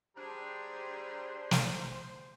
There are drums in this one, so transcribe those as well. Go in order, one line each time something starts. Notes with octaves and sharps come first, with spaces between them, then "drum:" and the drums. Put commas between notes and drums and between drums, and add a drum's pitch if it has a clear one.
G3 D4 G4 G#4 C5 A#5
drum: snare